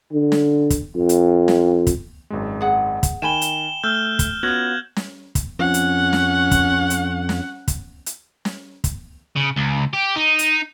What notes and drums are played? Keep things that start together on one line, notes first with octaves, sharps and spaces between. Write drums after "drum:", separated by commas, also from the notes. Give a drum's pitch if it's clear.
D3
drum: snare
drum: kick, hi-hat
F2
drum: hi-hat
drum: snare
drum: kick, hi-hat
G#1 F#2 G#3
G#4 F#5
drum: kick, hi-hat
D#3 G5 G#5 B5 E7 G7
drum: hi-hat
A3 E6 F6 G6 G7
drum: kick, hi-hat
B3 C#4 F4 F#4 F#6 G#6 A#6 F#7
drum: snare
drum: kick, hi-hat
F2 C#4 F#5
drum: hi-hat
drum: snare
drum: kick, hi-hat
drum: hi-hat
drum: snare
drum: kick, hi-hat
drum: hi-hat
drum: snare
drum: kick, hi-hat
C#3
C#2
G4
D#4
drum: hi-hat